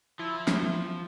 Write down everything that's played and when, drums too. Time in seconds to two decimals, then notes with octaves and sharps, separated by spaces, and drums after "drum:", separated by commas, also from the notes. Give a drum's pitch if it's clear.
0.19 F3 E4
0.48 drum: snare